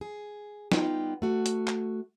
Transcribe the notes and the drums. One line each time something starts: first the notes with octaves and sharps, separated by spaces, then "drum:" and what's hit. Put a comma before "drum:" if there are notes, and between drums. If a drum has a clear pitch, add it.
G#4
G3 B3 D#4 F4 G5, drum: snare
A3 F#4
drum: hi-hat
drum: clap